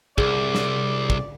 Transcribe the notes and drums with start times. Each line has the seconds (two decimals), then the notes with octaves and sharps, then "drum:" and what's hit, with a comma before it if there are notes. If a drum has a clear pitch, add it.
0.18 C2 G#4 D5, drum: kick
0.55 drum: snare
1.10 drum: kick